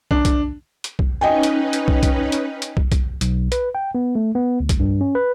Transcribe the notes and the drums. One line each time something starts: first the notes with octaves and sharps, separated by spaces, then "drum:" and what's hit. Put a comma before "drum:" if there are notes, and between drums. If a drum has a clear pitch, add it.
D4, drum: kick
drum: kick, hi-hat
drum: hi-hat
drum: kick
C#4 D#4 B4 D#5 G5 G#5
drum: hi-hat
drum: hi-hat
drum: kick
drum: kick, hi-hat
drum: hi-hat
drum: hi-hat
drum: kick
drum: kick, hi-hat
B1, drum: hi-hat
B4, drum: hi-hat
G5
B3
A3
B3
D2
drum: kick, hi-hat
G2
C#4
B4